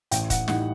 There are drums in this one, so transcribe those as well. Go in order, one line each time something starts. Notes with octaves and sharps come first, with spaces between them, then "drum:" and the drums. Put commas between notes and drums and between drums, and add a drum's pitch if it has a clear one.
A1 G5, drum: hi-hat
F#5, drum: kick D#1, hi-hat
A2 G3 D#4 F#5, drum: snare